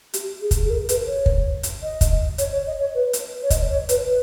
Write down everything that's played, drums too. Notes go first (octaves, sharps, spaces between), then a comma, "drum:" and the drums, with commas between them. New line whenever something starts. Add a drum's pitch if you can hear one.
G4, drum: hi-hat
G#4
drum: kick, hi-hat
G#4
A#4
B4, drum: hi-hat
C#5
drum: kick
drum: hi-hat
D#5
drum: kick, hi-hat
C#5, drum: hi-hat
C#5
D#5
C#5
B4
drum: hi-hat
C#5
D#5, drum: kick, hi-hat
C#5
B4, drum: hi-hat
B4